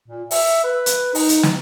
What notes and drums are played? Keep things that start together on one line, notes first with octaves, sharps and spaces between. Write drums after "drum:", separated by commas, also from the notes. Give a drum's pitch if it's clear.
A#2
E5, drum: open hi-hat
B4
drum: hi-hat
D#4, drum: open hi-hat
drum: hi-hat
drum: snare